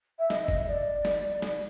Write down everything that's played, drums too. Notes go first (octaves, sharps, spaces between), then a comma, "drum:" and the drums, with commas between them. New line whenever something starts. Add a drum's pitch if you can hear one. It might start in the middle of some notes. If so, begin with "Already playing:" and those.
E5
D#5, drum: snare
drum: kick F#1
D5
drum: snare
drum: snare